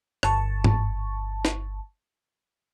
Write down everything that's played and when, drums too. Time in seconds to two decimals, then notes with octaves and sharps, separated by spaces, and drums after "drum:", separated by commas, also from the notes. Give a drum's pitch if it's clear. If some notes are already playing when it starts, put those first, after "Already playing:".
0.23 G1 A5 C#6, drum: rim click
0.64 drum: tom G#2
1.45 drum: snare